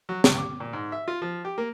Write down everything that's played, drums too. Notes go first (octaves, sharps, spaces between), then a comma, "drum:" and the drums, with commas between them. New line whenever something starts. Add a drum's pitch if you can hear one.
F#3
C#2, drum: snare
D6
A#2
G#2
E5
F4
F3
G4
A#3